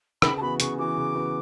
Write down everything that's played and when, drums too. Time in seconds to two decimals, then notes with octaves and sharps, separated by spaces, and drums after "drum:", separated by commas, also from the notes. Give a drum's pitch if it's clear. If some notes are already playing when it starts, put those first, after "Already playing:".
0.22 C#3 B5, drum: rim click
0.37 A5
0.41 E3 B3 F#4 B5
0.60 C#3 C#6, drum: hi-hat
0.78 E3 B3 F#4 D6
0.97 C#3
1.15 E3 B3 F#4